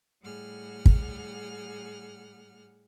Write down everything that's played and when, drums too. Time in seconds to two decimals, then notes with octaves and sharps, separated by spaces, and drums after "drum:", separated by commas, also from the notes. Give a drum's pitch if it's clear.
0.23 A2 G3 G#4 F#5 F6
0.86 drum: kick